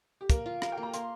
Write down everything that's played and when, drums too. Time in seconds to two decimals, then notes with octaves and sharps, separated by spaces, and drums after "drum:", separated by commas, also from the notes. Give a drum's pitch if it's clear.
0.21 G4
0.30 A#3 A#4, drum: kick, hi-hat
0.46 F4
0.62 A#4 F5, drum: rim click
0.72 G5
0.78 A#3
0.83 A#5
0.94 A#3 C6, drum: hi-hat